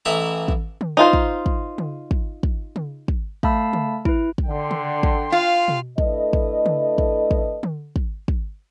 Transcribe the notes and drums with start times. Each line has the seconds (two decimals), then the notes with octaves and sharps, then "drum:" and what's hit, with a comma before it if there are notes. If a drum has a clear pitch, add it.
0.05 A1 E3 E4 D#5 A#5 D#6
0.48 drum: kick
0.81 drum: tom D3
0.97 D#4 F4 C5
1.13 drum: kick
1.46 drum: kick
1.78 drum: tom C#3
2.11 drum: kick
2.43 drum: kick
2.76 drum: tom C#3
3.08 drum: kick
3.43 A3 F5 A5 B5 E6, drum: kick
3.73 drum: tom C#3
4.05 E4 B4, drum: kick
4.38 drum: kick
4.48 D3 G5 C6
4.71 drum: tom C#3
5.03 drum: kick
5.32 F4 F5
5.68 drum: tom B2
5.98 A3 D4 E4 A4 B4 D#5, drum: kick
6.33 drum: kick
6.66 drum: tom C#3
6.98 drum: kick
7.31 drum: kick
7.63 drum: tom D3
7.96 drum: kick
8.28 drum: kick